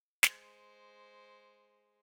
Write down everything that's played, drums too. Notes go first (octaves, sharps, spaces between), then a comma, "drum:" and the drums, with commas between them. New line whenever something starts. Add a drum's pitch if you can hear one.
G#3 C5, drum: snare